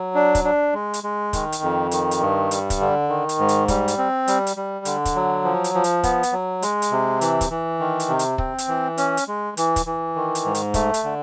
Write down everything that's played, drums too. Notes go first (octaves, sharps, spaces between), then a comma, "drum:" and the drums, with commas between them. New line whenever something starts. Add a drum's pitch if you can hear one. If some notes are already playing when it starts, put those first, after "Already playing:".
Already playing: F#3
D4
drum: kick, hi-hat
D4
G#3
drum: hi-hat
G#3
D#3, drum: kick, hi-hat
drum: hi-hat
F2
D#3, drum: hi-hat
drum: hi-hat
G2
G3, drum: hi-hat
drum: kick, hi-hat
D3
D#3
drum: hi-hat
G#2
drum: hi-hat
G3, drum: kick, hi-hat
drum: hi-hat
C4
G3, drum: hi-hat
drum: hi-hat
G3
D3, drum: hi-hat
drum: kick, hi-hat
F#3
F3
drum: hi-hat
F3
drum: hi-hat
B3, drum: kick, hi-hat
drum: hi-hat
F#3
G#3, drum: hi-hat
drum: hi-hat
C3
E3, drum: hi-hat
drum: kick, hi-hat
E3
D#3
drum: hi-hat
C3
drum: hi-hat
C4, drum: kick
drum: hi-hat
E3
C#4, drum: hi-hat
drum: hi-hat
G#3
E3, drum: hi-hat
drum: kick, hi-hat
E3
D#3
drum: hi-hat
G#2
drum: hi-hat
A3, drum: kick, hi-hat
drum: hi-hat
D3